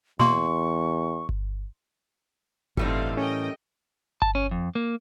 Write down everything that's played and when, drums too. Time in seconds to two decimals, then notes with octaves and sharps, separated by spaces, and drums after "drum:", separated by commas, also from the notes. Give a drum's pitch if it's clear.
0.20 E2 B2 A#3 C6 C#6
1.29 drum: kick G1
2.77 A2 D3 E3 G3 A3 C4 D#4 F5, drum: kick G1
3.17 C#4 A#4 D#5 G5
4.22 A5, drum: kick G1
4.35 C#4
4.51 F2
4.75 A#3